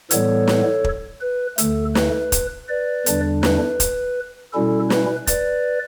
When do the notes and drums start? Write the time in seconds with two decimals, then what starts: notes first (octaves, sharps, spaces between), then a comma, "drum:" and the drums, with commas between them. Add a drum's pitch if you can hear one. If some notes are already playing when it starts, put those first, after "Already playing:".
0.11 A2 E3 G3 B3 A4 C#5, drum: hi-hat
0.48 drum: snare
0.84 drum: kick
1.21 B4
1.58 D2 D3 A3 A4, drum: hi-hat
1.95 B4, drum: snare
2.32 drum: kick, hi-hat
2.69 B4 D5
3.06 E2 D3 G3 D4, drum: hi-hat
3.43 B4, drum: snare
3.80 drum: kick, hi-hat
4.53 B2 G3 C#4 E4 A4
4.90 B4, drum: snare
5.27 B4 D5, drum: kick, hi-hat